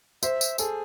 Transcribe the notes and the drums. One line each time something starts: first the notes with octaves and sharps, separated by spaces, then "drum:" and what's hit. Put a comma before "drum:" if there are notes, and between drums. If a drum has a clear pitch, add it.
C5 E5, drum: tambourine
drum: tambourine
G#4 A4, drum: tambourine